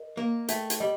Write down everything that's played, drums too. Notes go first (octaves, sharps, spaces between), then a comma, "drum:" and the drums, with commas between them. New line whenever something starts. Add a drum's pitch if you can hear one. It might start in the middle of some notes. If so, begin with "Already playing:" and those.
Already playing: A#4 D#5
A#3 A#4
A3 G5, drum: hi-hat
drum: hi-hat
G3 D#5